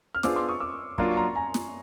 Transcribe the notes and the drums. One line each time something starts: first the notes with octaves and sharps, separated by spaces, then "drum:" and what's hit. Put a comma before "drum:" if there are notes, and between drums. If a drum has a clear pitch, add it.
F6
B3 D4 F4 G#4 C5 D6 E6, drum: snare
C6 D6
C#6 D#6
D6 E6
F#3 A#3 D4 F4 A#4 C6, drum: kick
C#6
A#5 C6
G#5 A#5
drum: snare